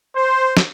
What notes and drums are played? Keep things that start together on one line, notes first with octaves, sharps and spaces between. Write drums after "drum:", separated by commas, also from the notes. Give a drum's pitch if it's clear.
C5
drum: snare